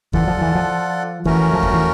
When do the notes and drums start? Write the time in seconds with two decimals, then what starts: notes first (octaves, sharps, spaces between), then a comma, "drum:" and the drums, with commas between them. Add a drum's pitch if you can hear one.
0.13 E3 F4 A4 D5 F#5, drum: kick E2
0.27 F3
0.41 E3
0.55 F3
1.25 E3 A3 C#4 F#4 A#4, drum: kick E2
1.53 F3
1.63 drum: kick E2
1.73 E3